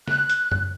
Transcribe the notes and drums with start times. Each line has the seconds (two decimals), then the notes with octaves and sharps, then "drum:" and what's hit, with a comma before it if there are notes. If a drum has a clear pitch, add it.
0.08 F#6, drum: snare
0.30 drum: hi-hat
0.51 drum: tom F#2